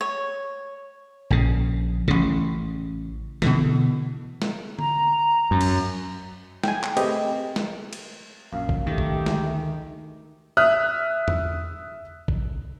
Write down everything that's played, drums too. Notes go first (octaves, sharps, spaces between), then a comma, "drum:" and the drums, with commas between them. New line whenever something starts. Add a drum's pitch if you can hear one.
C#5
A#1 C#3, drum: kick
A1 C#3, drum: kick
B2 D3 E3, drum: snare
drum: snare
A#5, drum: tom D3
F#2
drum: cymbal
G5 G#5, drum: snare
drum: clap
A3 C4 G4 G#4 B4 D#5, drum: cymbal
drum: snare
drum: cymbal
A#1 F#2 F5
drum: kick
D#3 A3 G4
drum: kick
D2 G#3, drum: snare
E5 D#6 F6 F#6
drum: tom E2
drum: kick